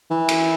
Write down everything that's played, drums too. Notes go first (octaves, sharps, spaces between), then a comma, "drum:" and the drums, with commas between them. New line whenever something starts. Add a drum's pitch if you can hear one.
E3
drum: cymbal